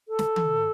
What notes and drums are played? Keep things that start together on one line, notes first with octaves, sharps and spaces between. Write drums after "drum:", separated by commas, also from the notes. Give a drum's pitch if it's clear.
A4
drum: snare
drum: tom D#3